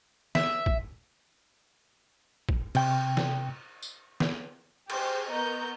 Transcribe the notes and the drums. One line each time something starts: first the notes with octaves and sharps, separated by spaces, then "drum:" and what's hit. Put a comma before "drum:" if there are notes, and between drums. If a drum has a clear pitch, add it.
E5, drum: snare
drum: kick
drum: kick
C3 G5, drum: cymbal
drum: snare
drum: tambourine
drum: snare
G4 G#4 C5, drum: cymbal
B3 A#4 D#5 A#5 C#6 G6